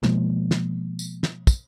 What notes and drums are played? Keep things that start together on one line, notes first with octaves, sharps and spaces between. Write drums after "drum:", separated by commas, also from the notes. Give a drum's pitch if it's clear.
B2 F3 G#3 A#3, drum: snare
drum: snare
drum: tambourine
drum: snare
drum: kick, tambourine